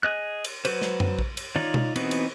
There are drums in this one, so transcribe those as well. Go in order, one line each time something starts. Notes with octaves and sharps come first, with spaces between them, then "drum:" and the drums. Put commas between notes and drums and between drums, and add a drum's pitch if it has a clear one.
G#4 D#5 F#6
drum: cymbal
F#3 F#4 B4 C5, drum: cymbal
drum: snare
drum: tom F#2
drum: kick A#1
drum: cymbal
D#4 F4 C#5 D5, drum: tom
drum: tom B2
E3 B3 C4 D#4 F#4, drum: cymbal
drum: cymbal